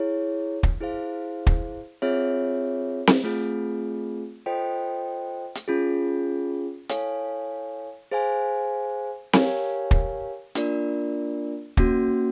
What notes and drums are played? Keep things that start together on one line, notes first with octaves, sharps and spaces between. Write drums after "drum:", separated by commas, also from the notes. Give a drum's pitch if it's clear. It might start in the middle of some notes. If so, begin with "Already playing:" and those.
Already playing: E4 G#4 C#5
drum: kick
E4 G#4 C5 F5
drum: kick
C4 F4 G#4 C#5 E5
drum: snare C4
A3 C4 F4 G#4
F4 A4 C5 D#5 G5
drum: hi-hat
C#4 F4 G#4
E4 A4 C#5 F5 G#5, drum: hi-hat
G#4 C5 F5 G#5
G4 A#4 C#5 F5 G#5, drum: snare C4
drum: kick
A#3 D4 F4 A#4 D5, drum: hi-hat
A#3 C#4 F#4, drum: kick